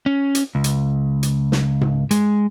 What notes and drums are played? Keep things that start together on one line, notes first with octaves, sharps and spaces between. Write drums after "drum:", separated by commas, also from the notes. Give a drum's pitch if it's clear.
C#4
drum: hi-hat
C#2
drum: hi-hat
drum: hi-hat
drum: snare
drum: tom G#2
G#3, drum: hi-hat